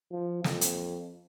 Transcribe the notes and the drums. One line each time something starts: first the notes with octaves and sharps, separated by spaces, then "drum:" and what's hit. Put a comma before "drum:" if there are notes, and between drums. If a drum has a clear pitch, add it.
F3
F2, drum: snare
drum: hi-hat